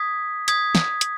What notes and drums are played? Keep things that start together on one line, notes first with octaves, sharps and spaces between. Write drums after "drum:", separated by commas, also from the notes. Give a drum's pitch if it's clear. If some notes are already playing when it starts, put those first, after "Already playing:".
Already playing: D#6 G#6 B6
D#6 G#6 B6, drum: hi-hat
drum: snare
drum: hi-hat